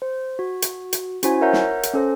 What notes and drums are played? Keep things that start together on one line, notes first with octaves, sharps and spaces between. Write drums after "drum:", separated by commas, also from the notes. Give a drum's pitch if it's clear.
C5
F#4
drum: hi-hat
drum: hi-hat
C#4 E4 F#4 C5 G#5, drum: hi-hat
A#4 C#5 E5 F#5 A#5 G6
drum: snare
drum: hi-hat
C#4 A4 C5